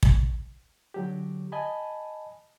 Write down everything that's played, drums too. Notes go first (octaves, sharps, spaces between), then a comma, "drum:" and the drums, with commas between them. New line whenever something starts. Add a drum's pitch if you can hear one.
drum: kick
D3 F#3 G4
D#5 G#5 A5 B5